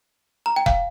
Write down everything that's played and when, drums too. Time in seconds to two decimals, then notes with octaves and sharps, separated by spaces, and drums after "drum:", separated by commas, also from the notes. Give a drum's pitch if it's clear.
0.46 A#5
0.56 G5
0.66 F5, drum: kick F1